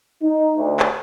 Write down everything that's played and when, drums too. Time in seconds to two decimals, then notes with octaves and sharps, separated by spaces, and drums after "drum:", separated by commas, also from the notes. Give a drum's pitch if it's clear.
0.22 D#4
0.56 D2
0.79 drum: clap